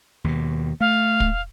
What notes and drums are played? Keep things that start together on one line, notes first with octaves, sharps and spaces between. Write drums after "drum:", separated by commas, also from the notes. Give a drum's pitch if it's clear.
D#2 B2
A3 F5
drum: kick